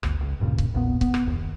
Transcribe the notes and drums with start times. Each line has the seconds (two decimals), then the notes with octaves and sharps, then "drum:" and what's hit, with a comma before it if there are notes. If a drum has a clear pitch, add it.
0.03 G1 D2, drum: rim click
0.21 C#2
0.40 D1 G2 A#2 C#3
0.58 drum: kick C#1
0.74 A#1 E2 A#2 B3
1.01 B3, drum: kick C#1
1.14 drum: rim click
1.26 F#1 D#2